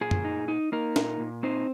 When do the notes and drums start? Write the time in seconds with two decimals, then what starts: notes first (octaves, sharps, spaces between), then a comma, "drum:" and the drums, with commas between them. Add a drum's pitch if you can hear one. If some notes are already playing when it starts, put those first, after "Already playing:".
0.01 A#2 G#4
0.11 drum: tom F#2
0.25 D#4
0.48 D#4
0.72 A#3 D#4 A#4
0.96 A#2, drum: snare
1.20 A#2
1.43 C4 D#4 C5